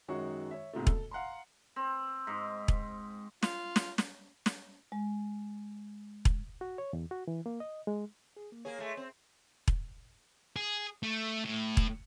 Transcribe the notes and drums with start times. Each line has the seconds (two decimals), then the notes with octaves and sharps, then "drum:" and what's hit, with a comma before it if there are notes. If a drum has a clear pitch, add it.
0.08 F#2 D#3 G#3 F#4 C#5 C#6
0.51 C#5 E5
0.73 B1 G#2 C3 A3
0.87 A4, drum: kick E1
1.11 F5 F#5 A#5 C6
1.76 C4
2.27 G#2
2.68 drum: kick E1
3.43 F4, drum: snare
3.76 drum: snare
3.98 drum: snare
4.46 drum: snare
4.92 G#3
6.25 drum: kick E1
6.61 F#4
6.78 C#5
6.93 E2
7.11 F#4
7.28 E3
7.46 A#3
7.60 D#5
7.87 G#3
8.37 G#4
8.52 A#3
8.65 A#3 G#4 C#5
8.79 G#3 A3
8.97 C4
9.68 drum: kick E1
10.56 G#4
11.03 A3
11.44 A2
11.77 drum: kick E1